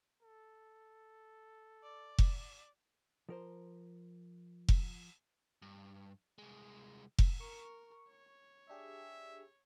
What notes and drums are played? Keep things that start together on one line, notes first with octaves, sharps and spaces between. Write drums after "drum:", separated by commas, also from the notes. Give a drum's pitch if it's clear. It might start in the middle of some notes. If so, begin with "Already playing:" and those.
A4
D5
drum: kick F1
F3 A#4 C5
drum: kick F1
G2
C2 G#3
drum: kick F1
A#4 C#6
C#5
D4 G4 G#4 E5